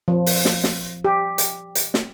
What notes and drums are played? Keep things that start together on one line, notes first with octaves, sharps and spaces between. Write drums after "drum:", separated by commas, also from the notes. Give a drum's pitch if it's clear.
F3
drum: open hi-hat
drum: snare
drum: snare
G4
drum: hi-hat
drum: hi-hat
drum: snare